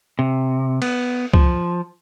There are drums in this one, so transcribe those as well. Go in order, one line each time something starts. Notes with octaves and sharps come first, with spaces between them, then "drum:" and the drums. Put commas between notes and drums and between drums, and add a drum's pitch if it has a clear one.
C3
B3, drum: cymbal
F3, drum: kick